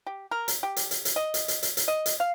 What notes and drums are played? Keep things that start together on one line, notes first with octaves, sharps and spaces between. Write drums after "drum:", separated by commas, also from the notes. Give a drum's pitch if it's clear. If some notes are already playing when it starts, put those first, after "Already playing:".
G4
A#4
drum: hi-hat
G4
drum: hi-hat
drum: hi-hat
drum: hi-hat
D#5
drum: hi-hat
drum: hi-hat
drum: hi-hat
drum: hi-hat
D#5
drum: hi-hat
F5